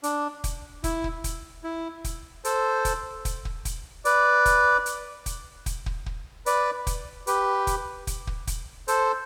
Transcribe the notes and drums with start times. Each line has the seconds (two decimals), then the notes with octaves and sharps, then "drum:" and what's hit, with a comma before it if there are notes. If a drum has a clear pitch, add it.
0.03 D4, drum: hi-hat
0.44 drum: kick, hi-hat
0.84 E4, drum: kick, hi-hat
1.04 drum: kick
1.24 drum: kick, hi-hat
1.64 E4
2.04 drum: kick, hi-hat
2.45 A4 C5, drum: hi-hat
2.85 drum: kick, hi-hat
3.25 drum: kick, hi-hat
3.45 drum: kick
3.65 drum: kick, hi-hat
4.05 B4 D5, drum: hi-hat
4.46 drum: kick, hi-hat
4.86 drum: hi-hat
5.26 drum: kick, hi-hat
5.66 drum: kick, hi-hat
5.86 drum: kick
6.06 drum: kick
6.46 B4 D5, drum: hi-hat
6.87 drum: kick, hi-hat
7.27 G4 B4, drum: hi-hat
7.67 drum: kick, hi-hat
8.07 drum: kick, hi-hat
8.27 drum: kick
8.47 drum: kick, hi-hat
8.88 A4 C5, drum: hi-hat